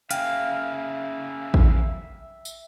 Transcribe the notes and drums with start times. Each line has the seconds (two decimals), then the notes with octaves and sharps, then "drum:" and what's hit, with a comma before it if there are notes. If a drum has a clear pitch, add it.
0.11 C#3 A#3 E5 F5 G5, drum: hi-hat
1.54 drum: kick A1
2.45 drum: tambourine